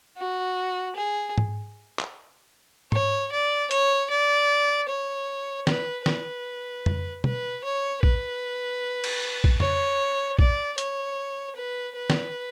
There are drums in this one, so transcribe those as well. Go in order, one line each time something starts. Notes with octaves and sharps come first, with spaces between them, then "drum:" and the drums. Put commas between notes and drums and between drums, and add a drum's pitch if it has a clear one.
F#4
G#4
drum: tom G#2
drum: clap
C#5, drum: tom G#2
D5
C#5, drum: hi-hat
D5
C#5
B4, drum: snare
B4, drum: snare
drum: tom F2
B4, drum: tom
C#5
B4, drum: kick A#1
drum: cymbal
drum: kick A#1
C#5, drum: tom F2
D5, drum: kick A#1
C#5, drum: hi-hat
B4
B4
drum: snare